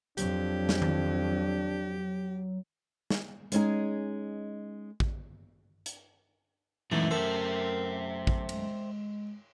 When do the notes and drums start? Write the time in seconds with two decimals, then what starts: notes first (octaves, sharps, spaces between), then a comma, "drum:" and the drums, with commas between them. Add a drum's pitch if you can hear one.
0.18 F2 F#3 D4 G4, drum: hi-hat
0.69 drum: snare
0.82 drum: tom D#3
3.10 drum: snare
3.52 G#3 C#4 D#4 G#4, drum: hi-hat
5.00 drum: kick
5.86 drum: hi-hat
6.92 F#2 A#2 E3 G#3 A3 D#4 E4
7.11 A4 A#4 C5 E5 G5
8.27 drum: kick
8.49 G#3, drum: cymbal